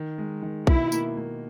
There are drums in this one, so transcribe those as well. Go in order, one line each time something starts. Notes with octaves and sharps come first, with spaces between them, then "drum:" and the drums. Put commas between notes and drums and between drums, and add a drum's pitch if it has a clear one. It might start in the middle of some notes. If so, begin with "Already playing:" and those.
Already playing: D#3
G#3
D#3
B2 E4, drum: kick B1
A#3, drum: tambourine
A#3